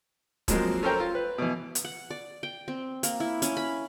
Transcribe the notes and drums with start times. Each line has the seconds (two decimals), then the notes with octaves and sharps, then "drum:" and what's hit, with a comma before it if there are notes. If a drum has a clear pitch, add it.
0.48 F3 F#3 G#3 A#3 C4, drum: kick, hi-hat
0.83 C#4 A4 A#4 C5 G5 A#5
1.00 F4
1.15 B4
1.38 B2 E3
1.75 drum: hi-hat
1.85 F#5
2.10 D5
2.43 G5
2.68 C4
3.03 A#3, drum: hi-hat
3.20 E4
3.42 C#4, drum: hi-hat
3.57 B5